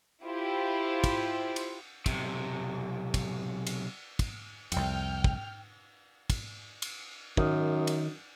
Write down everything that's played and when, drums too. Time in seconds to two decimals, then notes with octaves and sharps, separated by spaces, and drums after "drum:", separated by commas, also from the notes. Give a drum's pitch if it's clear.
0.25 E4 F4 G4 C5
1.04 drum: kick, cymbal
1.56 drum: cymbal
2.06 B1 C3, drum: kick, cymbal
3.14 drum: kick, cymbal
3.67 drum: cymbal
4.19 drum: kick, cymbal
4.72 C2 F2 G5 F6, drum: cymbal
5.24 drum: kick
6.30 drum: kick, cymbal
6.82 drum: cymbal
7.37 F#2 D#3, drum: kick
7.87 drum: cymbal